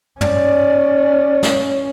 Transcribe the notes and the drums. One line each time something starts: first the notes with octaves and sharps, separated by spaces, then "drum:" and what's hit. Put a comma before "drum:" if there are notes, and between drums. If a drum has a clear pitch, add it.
C#4 D5, drum: tom
drum: snare